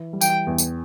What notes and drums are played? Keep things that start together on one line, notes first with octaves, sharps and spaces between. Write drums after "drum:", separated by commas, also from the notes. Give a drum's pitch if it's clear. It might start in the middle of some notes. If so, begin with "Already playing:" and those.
Already playing: E3
G3
E3 G5, drum: tambourine
E2
drum: tambourine